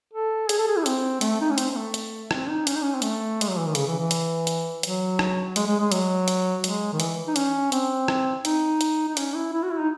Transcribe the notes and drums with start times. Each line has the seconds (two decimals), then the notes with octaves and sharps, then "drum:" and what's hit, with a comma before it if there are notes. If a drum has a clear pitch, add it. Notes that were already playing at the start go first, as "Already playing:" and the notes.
0.14 A4
0.49 G#4, drum: hi-hat
0.58 A4
0.68 G#4
0.77 E4
0.86 C4, drum: hi-hat
1.21 A3, drum: hi-hat
1.41 D#4
1.50 C#4
1.58 C4, drum: hi-hat
1.71 C4
1.76 A3
1.94 drum: hi-hat
2.31 C4, drum: rim click
2.49 D#4
2.67 C#4, drum: hi-hat
2.75 D#4
2.82 C#4
2.95 C4
3.02 A3, drum: hi-hat
3.41 G#3, drum: hi-hat
3.49 F#3
3.58 E3
3.67 D#3
3.75 C#3, drum: hi-hat
3.87 E3
3.99 E3
4.11 drum: hi-hat
4.47 drum: hi-hat
4.83 F#3, drum: hi-hat
5.19 drum: rim click
5.56 G#3, drum: hi-hat
5.67 G#3
5.80 G#3
5.92 F#3, drum: hi-hat
6.28 drum: hi-hat
6.64 G#3, drum: hi-hat
6.93 D#3
7.00 E3, drum: hi-hat
7.27 D#4
7.36 C#4, drum: hi-hat
7.72 C4, drum: hi-hat
8.08 drum: rim click
8.45 D#4, drum: hi-hat
8.81 drum: hi-hat
9.09 D#4
9.17 C#4, drum: hi-hat
9.35 E4
9.53 E4
9.62 F#4
9.70 E4
9.80 D#4